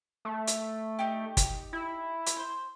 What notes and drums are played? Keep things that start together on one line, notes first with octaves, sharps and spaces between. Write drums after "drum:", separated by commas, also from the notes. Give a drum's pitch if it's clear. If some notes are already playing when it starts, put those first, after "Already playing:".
A3
drum: hi-hat
D#4 G4
drum: kick G1, hi-hat
E4
drum: hi-hat
C5